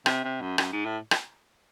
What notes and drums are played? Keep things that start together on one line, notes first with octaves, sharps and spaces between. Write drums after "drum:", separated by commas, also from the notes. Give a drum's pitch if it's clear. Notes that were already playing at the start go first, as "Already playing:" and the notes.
C3, drum: rim click
C3
F#2
F#2, drum: rim click
G#2
A2
drum: rim click